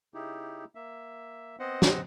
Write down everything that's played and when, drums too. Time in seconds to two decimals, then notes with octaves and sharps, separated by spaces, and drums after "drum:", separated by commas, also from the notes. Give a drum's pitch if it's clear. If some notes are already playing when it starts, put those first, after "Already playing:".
0.14 C#3 D#4 E4 G4
0.75 A#3 E5
1.59 B3 C4 C5 D#5 F#5
1.82 drum: snare